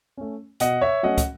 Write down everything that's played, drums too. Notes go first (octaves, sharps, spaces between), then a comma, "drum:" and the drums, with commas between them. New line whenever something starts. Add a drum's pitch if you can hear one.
A3 C#4
B2 D#5 F#5, drum: hi-hat
C#5 E5
F#3 A3 C#4 D#5 F#5
drum: kick, hi-hat